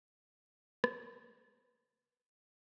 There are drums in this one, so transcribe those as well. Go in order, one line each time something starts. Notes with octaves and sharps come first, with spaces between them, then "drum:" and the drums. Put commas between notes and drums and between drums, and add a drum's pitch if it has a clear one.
C3
drum: rim click
C#3